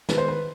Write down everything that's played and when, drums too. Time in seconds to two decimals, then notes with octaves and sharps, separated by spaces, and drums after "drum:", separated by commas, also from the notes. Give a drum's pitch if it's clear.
0.09 D#3 G#3 B3 B4, drum: snare
0.18 C5
0.28 B4